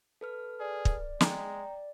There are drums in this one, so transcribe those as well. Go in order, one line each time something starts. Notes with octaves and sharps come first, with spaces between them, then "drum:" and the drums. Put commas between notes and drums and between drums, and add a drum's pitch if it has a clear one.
A4 B4 F6
G#4 D5
drum: kick
G#3 G5 A#5, drum: snare